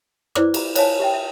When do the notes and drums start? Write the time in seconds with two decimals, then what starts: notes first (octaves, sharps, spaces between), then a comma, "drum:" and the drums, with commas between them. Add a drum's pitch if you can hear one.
0.35 E4 B4 C5 D5 D6, drum: rim click
0.54 G4 A#5, drum: cymbal
0.75 C5 C#5 E5 F5 G#5 A5, drum: cymbal
1.00 G4 E5 G5
1.14 E5